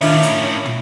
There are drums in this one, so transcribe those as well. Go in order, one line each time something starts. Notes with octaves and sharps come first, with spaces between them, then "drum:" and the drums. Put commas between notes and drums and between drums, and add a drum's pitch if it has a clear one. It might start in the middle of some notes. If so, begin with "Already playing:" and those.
A2 D#3 C#4 D4 F4 E5, drum: open hi-hat
drum: hi-hat
drum: tom